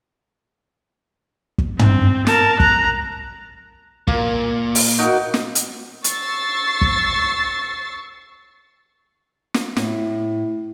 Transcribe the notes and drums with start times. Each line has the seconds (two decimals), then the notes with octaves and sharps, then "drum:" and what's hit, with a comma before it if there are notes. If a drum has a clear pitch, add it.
1.58 drum: kick
1.79 C4, drum: tom
2.27 A#4 A5, drum: snare
2.60 A#5 F#6, drum: kick
4.07 A#2 A#3, drum: kick
4.75 drum: open hi-hat
4.98 D#4 F#4 A#4
5.34 drum: snare
5.55 drum: hi-hat
6.04 C#6 E6 A6 C7, drum: hi-hat
6.81 drum: kick
9.54 drum: snare
9.76 A2, drum: snare